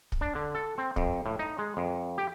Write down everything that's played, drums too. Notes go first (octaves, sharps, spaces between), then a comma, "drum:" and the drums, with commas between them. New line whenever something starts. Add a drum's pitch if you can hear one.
drum: kick
D4
D3
A4
C4
F2, drum: kick
A2
D#4
G#3
F2
G4